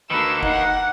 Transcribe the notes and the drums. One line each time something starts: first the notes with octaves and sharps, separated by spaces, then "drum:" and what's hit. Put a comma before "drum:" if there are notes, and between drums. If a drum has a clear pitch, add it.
D2 D#3 A#3 B4 E6
D#4 F#5, drum: kick F1